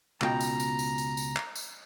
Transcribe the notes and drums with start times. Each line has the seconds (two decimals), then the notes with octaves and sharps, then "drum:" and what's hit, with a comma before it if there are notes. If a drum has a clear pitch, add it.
0.21 C#2 B2 G5 A#5, drum: clap
0.40 drum: tambourine
0.60 drum: tambourine
0.79 drum: tambourine
0.98 drum: tambourine
1.17 drum: tambourine
1.36 drum: clap
1.56 drum: tambourine